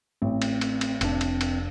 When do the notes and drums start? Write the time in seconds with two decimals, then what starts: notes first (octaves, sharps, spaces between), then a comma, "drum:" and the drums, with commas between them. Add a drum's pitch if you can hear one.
0.22 A1 C4
0.42 drum: cymbal
0.61 drum: cymbal
0.81 drum: cymbal
1.01 F1 C4 D4, drum: cymbal
1.21 drum: cymbal
1.41 drum: cymbal